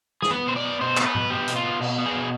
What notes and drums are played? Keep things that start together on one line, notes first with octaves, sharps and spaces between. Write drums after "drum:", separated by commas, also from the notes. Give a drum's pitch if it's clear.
G#4, drum: snare
B3 B4
B2 C5
D5
B3
B2 C5
B3 C5, drum: clap
B4
B2, drum: tom G#2
B3 G4
B2, drum: hi-hat
F4
B3
B2, drum: cymbal
B3
G#4
B2